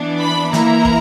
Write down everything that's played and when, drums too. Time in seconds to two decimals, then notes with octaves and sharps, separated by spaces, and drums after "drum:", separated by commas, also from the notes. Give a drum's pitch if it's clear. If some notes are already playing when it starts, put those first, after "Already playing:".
Already playing: E3 B3 D4
0.21 B5
0.53 E3 A#3 E4 A#5, drum: snare
0.85 drum: kick